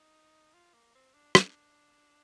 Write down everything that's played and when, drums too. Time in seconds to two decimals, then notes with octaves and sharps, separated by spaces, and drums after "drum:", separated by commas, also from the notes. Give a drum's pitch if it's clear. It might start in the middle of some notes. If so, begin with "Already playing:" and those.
Already playing: D#4
0.54 F4
0.74 A#3
0.95 C4
1.14 D4
1.35 D4, drum: rim click